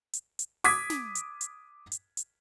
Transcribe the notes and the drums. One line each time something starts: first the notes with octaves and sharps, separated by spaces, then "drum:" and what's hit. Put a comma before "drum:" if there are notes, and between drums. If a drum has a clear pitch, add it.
drum: hi-hat
drum: hi-hat
D6 D#6 G#6 B6, drum: open hi-hat
drum: snare
drum: hi-hat
drum: hi-hat
drum: hi-hat
drum: hi-hat